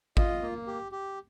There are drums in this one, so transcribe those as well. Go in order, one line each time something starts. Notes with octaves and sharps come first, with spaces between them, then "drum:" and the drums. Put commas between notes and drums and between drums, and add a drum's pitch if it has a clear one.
F4 D#5, drum: kick G#1
A#3
G4
G4